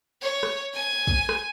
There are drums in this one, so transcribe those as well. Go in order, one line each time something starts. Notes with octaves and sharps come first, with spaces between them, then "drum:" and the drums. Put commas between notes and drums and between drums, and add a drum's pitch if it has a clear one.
C#5
drum: rim click
G#5
drum: kick
drum: rim click